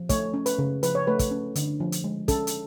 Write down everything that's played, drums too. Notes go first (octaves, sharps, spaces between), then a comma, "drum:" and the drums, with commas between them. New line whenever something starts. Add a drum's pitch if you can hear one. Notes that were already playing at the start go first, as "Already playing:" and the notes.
Already playing: F3
A3 C#5, drum: kick, hi-hat
C#4
B4, drum: hi-hat
C#3
F3 B4, drum: hi-hat
C#5
A3 B4
drum: kick, hi-hat
C#4
D3, drum: hi-hat
F3
drum: hi-hat
G#3
C#4 A4, drum: kick, hi-hat
drum: hi-hat